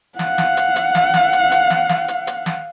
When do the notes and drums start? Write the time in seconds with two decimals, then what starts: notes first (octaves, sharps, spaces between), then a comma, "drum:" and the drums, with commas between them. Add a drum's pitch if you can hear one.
0.19 F5 F#5, drum: snare
0.38 drum: snare
0.57 drum: hi-hat
0.76 drum: hi-hat
0.95 drum: snare
1.14 drum: snare
1.33 drum: hi-hat
1.52 drum: hi-hat
1.70 drum: snare
1.89 drum: snare
2.08 drum: hi-hat
2.27 drum: hi-hat
2.46 drum: snare